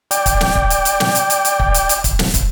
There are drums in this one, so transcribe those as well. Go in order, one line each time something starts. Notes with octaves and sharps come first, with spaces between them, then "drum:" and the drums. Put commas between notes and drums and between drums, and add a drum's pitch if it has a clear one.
D5 G5, drum: hi-hat
drum: kick, hi-hat
drum: snare
drum: kick
drum: hi-hat
drum: hi-hat
drum: snare
drum: hi-hat
drum: hi-hat
drum: hi-hat
drum: kick
drum: hi-hat
drum: hi-hat
drum: kick, hi-hat
drum: snare
drum: kick, hi-hat